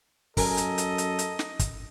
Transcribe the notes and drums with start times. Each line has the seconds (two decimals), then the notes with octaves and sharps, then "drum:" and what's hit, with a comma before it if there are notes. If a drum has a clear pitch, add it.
0.37 F#2 A4 A#4 D#5 G#5, drum: kick, open hi-hat
0.57 drum: hi-hat
0.78 drum: hi-hat
0.98 drum: hi-hat
1.19 drum: hi-hat
1.39 drum: snare
1.59 drum: kick, hi-hat